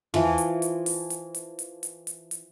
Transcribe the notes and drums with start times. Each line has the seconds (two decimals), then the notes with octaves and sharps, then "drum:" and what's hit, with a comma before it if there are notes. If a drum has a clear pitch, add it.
0.14 E3 F3, drum: tom
0.38 drum: hi-hat
0.62 drum: hi-hat
0.86 drum: open hi-hat
1.10 drum: hi-hat
1.34 drum: hi-hat
1.59 drum: hi-hat
1.83 drum: hi-hat
2.07 drum: hi-hat
2.31 drum: hi-hat